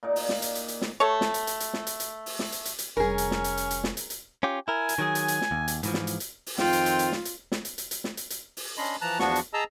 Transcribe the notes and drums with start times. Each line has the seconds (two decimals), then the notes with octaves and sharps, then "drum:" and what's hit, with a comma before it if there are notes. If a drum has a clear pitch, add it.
0.03 A#2 D#4 D5
0.16 drum: open hi-hat
0.29 drum: snare
0.42 drum: hi-hat
0.55 drum: hi-hat
0.68 drum: hi-hat
0.81 drum: snare
1.00 A3 A4 C#5
1.21 drum: snare
1.34 drum: hi-hat
1.47 drum: hi-hat
1.60 drum: hi-hat
1.73 drum: snare
1.87 drum: hi-hat
2.00 drum: hi-hat
2.26 drum: open hi-hat
2.39 drum: snare
2.52 drum: hi-hat
2.65 drum: hi-hat
2.79 drum: hi-hat
2.97 F1 G3 C#4 G#4 A#4
3.18 drum: hi-hat
3.31 drum: snare
3.44 drum: hi-hat
3.57 drum: hi-hat
3.71 drum: hi-hat
3.84 drum: snare
3.97 drum: hi-hat
4.10 drum: hi-hat
4.43 C#4 F4 G4
4.68 E4 A#4 G#5
4.89 drum: hi-hat
4.98 D#3 F#3 G#4
5.15 drum: hi-hat
5.28 drum: hi-hat
5.41 drum: snare
5.51 D#2
5.68 drum: hi-hat
5.83 G#2 E3 F3, drum: hi-hat
5.94 drum: snare
6.07 drum: hi-hat
6.20 drum: hi-hat
6.46 drum: open hi-hat
6.58 F2 D#3 C4 F4 G5, drum: snare
6.73 drum: hi-hat
6.86 drum: hi-hat
6.99 drum: hi-hat
7.12 drum: snare
7.25 drum: hi-hat
7.52 drum: snare
7.65 drum: hi-hat
7.78 drum: hi-hat
7.91 drum: hi-hat
8.04 drum: snare
8.17 drum: hi-hat
8.30 drum: hi-hat
8.57 drum: open hi-hat
8.78 C#4 D4 D#5 B5 C6
9.01 E3 F3 A5 A#5 F#6
9.19 E2 F3 B3 D4 F#4 C#6, drum: snare
9.36 drum: hi-hat
9.53 G#4 D#5 A5 A#5 E6